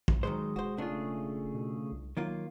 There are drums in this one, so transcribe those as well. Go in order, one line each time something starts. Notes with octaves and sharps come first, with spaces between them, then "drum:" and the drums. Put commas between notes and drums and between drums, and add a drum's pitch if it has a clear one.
drum: kick
D#3 F#3 G#3 C5
E1 F#4 C5
C#3 A3 D4 F4 G#4
B2
C2
D#3 F#3 A#3 F4